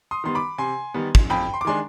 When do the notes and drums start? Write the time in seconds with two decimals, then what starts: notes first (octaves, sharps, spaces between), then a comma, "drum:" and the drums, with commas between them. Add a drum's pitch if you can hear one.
0.11 C6 D#6
0.24 D#3 G3 B3 C6
0.35 B5 D6
0.58 C3 G#5 C6
0.94 D#3 G3 B3
1.15 drum: kick
1.30 F2 G5 B5
1.54 C6
1.61 D6
1.65 D#3 G#3 D4 G#5 C6